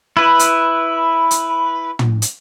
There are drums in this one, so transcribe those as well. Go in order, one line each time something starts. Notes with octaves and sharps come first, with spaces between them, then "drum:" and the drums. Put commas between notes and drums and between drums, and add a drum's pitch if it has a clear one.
E4 B4
drum: hi-hat
drum: hi-hat
drum: tom
drum: hi-hat